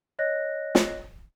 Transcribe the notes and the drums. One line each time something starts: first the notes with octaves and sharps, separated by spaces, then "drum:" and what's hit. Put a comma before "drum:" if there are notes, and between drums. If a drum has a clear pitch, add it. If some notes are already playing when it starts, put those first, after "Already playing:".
C#5 D#5 F#6 A#6
drum: snare